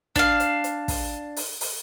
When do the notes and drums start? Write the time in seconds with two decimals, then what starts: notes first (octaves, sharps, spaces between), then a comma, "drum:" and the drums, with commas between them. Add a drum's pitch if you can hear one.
0.16 D4 F5, drum: kick, hi-hat
0.40 drum: hi-hat
0.64 drum: hi-hat
0.88 drum: kick, open hi-hat
1.36 drum: open hi-hat
1.61 drum: open hi-hat